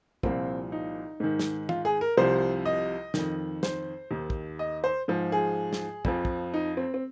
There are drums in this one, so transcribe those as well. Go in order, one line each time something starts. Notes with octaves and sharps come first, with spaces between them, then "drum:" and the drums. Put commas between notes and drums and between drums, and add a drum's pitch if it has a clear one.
C2 A#2 F3 C4, drum: kick
D#4
G#2 D#3
drum: snare
F4, drum: tom
G#4
A#4
C2 C3 F3 C5
D#5
F2 D#3, drum: snare
C5, drum: snare
D#2 D#3
drum: kick
D#5
C5
G#2 F3
G#4
drum: snare
F2 F3, drum: kick
drum: kick
D#4
C4
C4